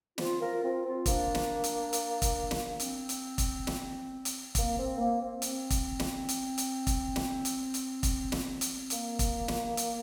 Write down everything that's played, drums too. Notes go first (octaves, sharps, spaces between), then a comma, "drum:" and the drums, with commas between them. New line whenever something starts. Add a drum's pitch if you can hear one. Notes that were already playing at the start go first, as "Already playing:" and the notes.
C4 F4, drum: snare
F4 A#4
C4 F4
C4 F4
A#3 D4, drum: kick, hi-hat
drum: snare
drum: hi-hat
drum: hi-hat
drum: kick, hi-hat
drum: snare
C4, drum: hi-hat
drum: hi-hat
drum: kick, hi-hat
drum: snare
drum: hi-hat
A#3, drum: kick, hi-hat
C4
A#3
C4
C4, drum: hi-hat
drum: kick, hi-hat
drum: snare
drum: hi-hat
drum: hi-hat
drum: kick, hi-hat
drum: snare
drum: hi-hat
drum: hi-hat
drum: kick, hi-hat
drum: snare
drum: hi-hat
A#3, drum: hi-hat
drum: kick, hi-hat
drum: snare
drum: hi-hat